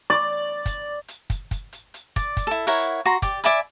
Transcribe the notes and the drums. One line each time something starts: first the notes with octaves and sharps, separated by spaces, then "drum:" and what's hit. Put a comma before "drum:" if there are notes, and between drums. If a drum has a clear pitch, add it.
D5
drum: kick, hi-hat
drum: hi-hat
drum: kick, hi-hat
drum: kick, hi-hat
drum: hi-hat
drum: hi-hat
D5, drum: kick, hi-hat
drum: kick, hi-hat
E4 A4
E4 A#4 C#5 F#5
drum: hi-hat
F#4 A#5 C6
G4 D5, drum: kick, hi-hat
D5 E5 G#5 B5, drum: hi-hat